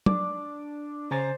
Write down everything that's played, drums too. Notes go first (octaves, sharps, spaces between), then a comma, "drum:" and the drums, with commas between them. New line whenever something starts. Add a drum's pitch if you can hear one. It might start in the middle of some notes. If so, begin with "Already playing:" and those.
D4 D5, drum: tom
C#3 C5 G#5 A#5 A6